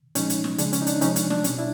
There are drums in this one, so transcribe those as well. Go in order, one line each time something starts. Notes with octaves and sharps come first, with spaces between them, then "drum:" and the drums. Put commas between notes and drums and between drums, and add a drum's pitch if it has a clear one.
A#2 F3 G#3 C#4 D#4, drum: hi-hat
drum: hi-hat
drum: snare
C#3 F3 G#3 D4, drum: hi-hat
C#4, drum: hi-hat
D#4
D4, drum: hi-hat
C3 F3 G#3 C#4 D#4, drum: hi-hat
D4, drum: hi-hat
D4, drum: snare
B2 G3 C#4, drum: hi-hat
D4 E4